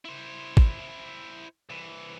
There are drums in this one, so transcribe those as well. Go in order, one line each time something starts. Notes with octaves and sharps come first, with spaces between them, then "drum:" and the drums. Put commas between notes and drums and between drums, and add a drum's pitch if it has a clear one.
E4 C5
drum: kick
C2 E3